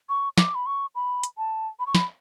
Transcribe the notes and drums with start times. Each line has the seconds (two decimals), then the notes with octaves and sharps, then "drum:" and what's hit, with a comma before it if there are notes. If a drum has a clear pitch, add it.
0.09 C#6
0.38 D6, drum: snare
0.55 B5
0.66 C#6
0.95 B5
1.23 drum: hi-hat
1.38 A5
1.79 B5
1.86 C#6
1.95 B5, drum: snare